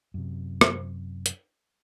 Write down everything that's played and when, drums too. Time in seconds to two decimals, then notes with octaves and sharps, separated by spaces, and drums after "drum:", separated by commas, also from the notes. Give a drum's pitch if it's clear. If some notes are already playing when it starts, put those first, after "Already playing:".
0.14 F#2 C3
0.61 drum: rim click
1.26 drum: hi-hat